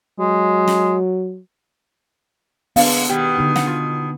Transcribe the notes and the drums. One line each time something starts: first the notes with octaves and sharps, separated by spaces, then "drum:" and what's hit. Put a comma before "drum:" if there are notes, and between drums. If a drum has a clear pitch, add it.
F#3 G#3
drum: snare
D3 G#3 A#3 B3 D4 F5, drum: open hi-hat
B2 D#3 G4
D3 B3 D#4
F#5, drum: snare
F4